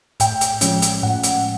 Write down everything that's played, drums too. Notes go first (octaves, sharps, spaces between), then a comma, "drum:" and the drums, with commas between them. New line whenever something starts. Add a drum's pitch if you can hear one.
A2 G5, drum: hi-hat
drum: hi-hat
F3 G#3 C#4, drum: hi-hat
drum: hi-hat
A2 F#5
drum: hi-hat